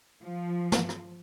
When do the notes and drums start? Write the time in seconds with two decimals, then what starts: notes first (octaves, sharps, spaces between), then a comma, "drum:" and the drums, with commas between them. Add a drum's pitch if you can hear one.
0.22 F3
0.72 drum: snare
0.89 drum: rim click